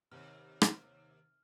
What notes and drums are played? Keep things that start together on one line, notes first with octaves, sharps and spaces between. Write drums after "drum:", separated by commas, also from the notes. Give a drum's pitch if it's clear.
D#2 C3 F6
drum: rim click